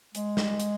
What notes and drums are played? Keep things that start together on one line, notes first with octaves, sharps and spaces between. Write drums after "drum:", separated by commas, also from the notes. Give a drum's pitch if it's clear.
G#3, drum: hi-hat
drum: snare
drum: hi-hat